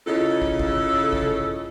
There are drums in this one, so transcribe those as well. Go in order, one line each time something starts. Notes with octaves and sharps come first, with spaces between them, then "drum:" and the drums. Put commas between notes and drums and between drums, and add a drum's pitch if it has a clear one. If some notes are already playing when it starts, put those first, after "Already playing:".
C#3 E4 F4 A4 D#5
drum: kick
drum: kick
drum: kick